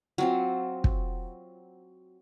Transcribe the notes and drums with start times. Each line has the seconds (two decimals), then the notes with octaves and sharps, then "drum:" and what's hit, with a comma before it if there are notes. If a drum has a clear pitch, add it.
0.18 F#3 C4 F4
0.84 drum: kick